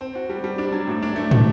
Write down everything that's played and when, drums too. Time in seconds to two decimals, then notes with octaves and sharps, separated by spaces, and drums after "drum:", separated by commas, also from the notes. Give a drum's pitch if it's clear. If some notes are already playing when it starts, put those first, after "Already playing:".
0.01 C4
0.15 F#4
0.30 G3
0.44 G3
0.58 D4
0.72 F#3
0.87 A2
1.03 D4
1.16 A3
1.31 A3, drum: tom